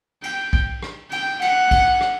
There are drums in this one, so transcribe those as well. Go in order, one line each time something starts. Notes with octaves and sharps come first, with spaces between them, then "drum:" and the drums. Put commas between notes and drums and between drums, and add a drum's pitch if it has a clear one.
G5, drum: cymbal
drum: kick
drum: rim click
G5, drum: cymbal
F#5, drum: cymbal
drum: kick, cymbal
drum: rim click